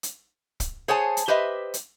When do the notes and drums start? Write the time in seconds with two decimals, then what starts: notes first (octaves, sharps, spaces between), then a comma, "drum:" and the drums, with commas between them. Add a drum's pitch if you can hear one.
0.03 drum: hi-hat
0.60 drum: kick, hi-hat
0.88 G#4 C5 C#5 F#5 G#5 A5
1.17 drum: hi-hat
1.28 G4 B4 C5 D#5 E5
1.74 drum: hi-hat